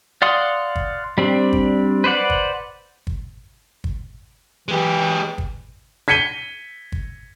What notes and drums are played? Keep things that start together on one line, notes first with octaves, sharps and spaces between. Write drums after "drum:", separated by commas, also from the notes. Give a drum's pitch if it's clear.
D5 F5 F#5 C6 D#6
drum: kick G1
G3 C4 D4
drum: kick G1
B4 C5 D5 F#5
drum: kick G1
drum: kick G1
drum: kick G1
E3 G#3 G4
drum: kick G1
G#6 B6 C#7 D#7 G7
drum: kick G1